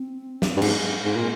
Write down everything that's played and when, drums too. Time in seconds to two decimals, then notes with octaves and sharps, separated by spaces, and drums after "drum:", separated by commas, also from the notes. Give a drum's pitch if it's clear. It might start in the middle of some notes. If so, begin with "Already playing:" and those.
Already playing: C4
0.42 drum: snare
0.57 G2
0.62 G#2, drum: cymbal
1.04 G#2
1.16 A#2